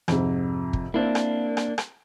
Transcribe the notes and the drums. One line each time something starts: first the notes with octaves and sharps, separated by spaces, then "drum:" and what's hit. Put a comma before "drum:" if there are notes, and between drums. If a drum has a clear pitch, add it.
F2 G#2 C3, drum: rim click
drum: kick
A#3 C4 D4 E4
drum: rim click
drum: rim click
drum: rim click